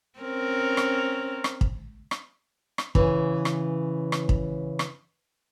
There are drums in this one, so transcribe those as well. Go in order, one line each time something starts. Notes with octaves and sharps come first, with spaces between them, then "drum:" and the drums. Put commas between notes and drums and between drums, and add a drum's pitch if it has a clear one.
C4 C#4 A#4
drum: rim click
drum: rim click
drum: kick
drum: rim click
drum: rim click
C#3 E3, drum: kick
drum: rim click
drum: rim click
drum: kick
drum: rim click